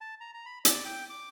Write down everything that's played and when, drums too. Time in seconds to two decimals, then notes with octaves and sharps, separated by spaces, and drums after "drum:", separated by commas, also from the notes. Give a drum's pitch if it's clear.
0.01 A5
0.21 A#5
0.34 A#5
0.46 B5
0.65 D5, drum: hi-hat
0.85 G5
1.10 D6